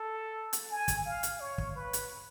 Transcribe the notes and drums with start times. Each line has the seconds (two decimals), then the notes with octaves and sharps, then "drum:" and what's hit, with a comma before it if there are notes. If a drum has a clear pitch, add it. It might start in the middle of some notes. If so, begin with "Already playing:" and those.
Already playing: A4
0.53 drum: hi-hat
0.70 G#5
0.88 drum: kick, hi-hat
1.06 F5
1.23 drum: hi-hat
1.40 C#5
1.58 drum: kick
1.75 B4
1.93 drum: hi-hat